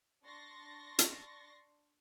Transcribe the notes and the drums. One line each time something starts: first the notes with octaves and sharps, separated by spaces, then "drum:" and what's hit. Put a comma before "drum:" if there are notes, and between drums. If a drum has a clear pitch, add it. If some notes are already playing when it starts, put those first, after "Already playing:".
D4 C6 C#6 A6 A#6
drum: hi-hat